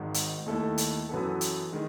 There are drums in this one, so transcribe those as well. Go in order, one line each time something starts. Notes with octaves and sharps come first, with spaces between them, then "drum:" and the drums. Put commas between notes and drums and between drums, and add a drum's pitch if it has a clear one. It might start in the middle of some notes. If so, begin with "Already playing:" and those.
Already playing: G#1 G#2 D#3
drum: hi-hat
D#2 D#3 A3 E4 A4
drum: hi-hat
F#2 E3 B3 F#4 A4
drum: hi-hat
D#3 G#3